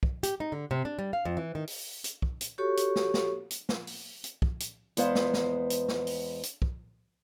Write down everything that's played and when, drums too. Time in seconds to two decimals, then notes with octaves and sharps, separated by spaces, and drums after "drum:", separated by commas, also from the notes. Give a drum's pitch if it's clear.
0.03 drum: kick
0.23 G4, drum: hi-hat
0.40 D#4
0.52 D3
0.71 C3
0.85 D4
0.99 G3
1.13 F5
1.25 F2
1.37 E3
1.55 D#3
1.67 drum: open hi-hat
2.04 drum: hi-hat
2.22 drum: kick
2.41 drum: hi-hat
2.58 F#4 G4 A4 C#5 C#6
2.77 drum: hi-hat
2.96 drum: snare
3.14 drum: snare
3.51 drum: hi-hat
3.69 drum: snare
3.87 drum: open hi-hat
4.24 drum: hi-hat
4.42 drum: kick
4.60 drum: hi-hat
4.97 E2 G#3 B3 C5 F5, drum: hi-hat
5.15 drum: snare
5.34 drum: snare
5.70 drum: hi-hat
5.88 drum: snare
6.07 drum: open hi-hat
6.43 drum: hi-hat
6.62 drum: kick